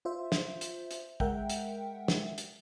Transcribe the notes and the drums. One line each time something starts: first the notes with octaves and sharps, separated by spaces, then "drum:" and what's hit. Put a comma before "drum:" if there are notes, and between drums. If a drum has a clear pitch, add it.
F4 C5 E5
drum: snare
drum: hi-hat
drum: hi-hat
G#3 A#4 E5 F#5 G5, drum: kick
drum: hi-hat
drum: snare
drum: hi-hat